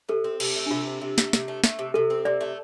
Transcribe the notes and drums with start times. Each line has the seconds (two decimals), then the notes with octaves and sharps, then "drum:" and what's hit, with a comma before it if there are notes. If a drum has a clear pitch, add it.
0.09 C3 A4
0.24 C4
0.40 C3, drum: cymbal
0.56 A3
0.66 D4
0.71 C3 F4
0.87 C4
1.01 C3
1.18 A3, drum: snare
1.33 C3, drum: snare
1.48 A3
1.64 A3, drum: snare
1.79 C3
1.94 C3 A4
2.10 C4
2.25 C3 D5
2.41 A3